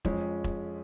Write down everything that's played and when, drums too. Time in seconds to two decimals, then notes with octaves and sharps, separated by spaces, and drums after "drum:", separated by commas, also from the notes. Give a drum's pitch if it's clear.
0.05 F2 F3 G#3 C#4, drum: kick E1
0.44 drum: kick E1